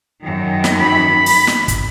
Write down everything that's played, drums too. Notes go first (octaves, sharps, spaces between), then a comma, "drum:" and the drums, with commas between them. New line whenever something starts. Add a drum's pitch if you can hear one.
F#2 D#3
drum: snare
B5
drum: open hi-hat
drum: snare
drum: kick, hi-hat